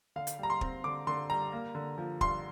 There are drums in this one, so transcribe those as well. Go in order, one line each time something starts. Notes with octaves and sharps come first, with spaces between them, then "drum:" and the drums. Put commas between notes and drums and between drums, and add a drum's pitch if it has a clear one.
D3 F5
drum: hi-hat
G3 A#5
C6
C4, drum: kick
D3 D6
D3 C6
G3 A#5
A#3
D3
F3
G2 C6, drum: kick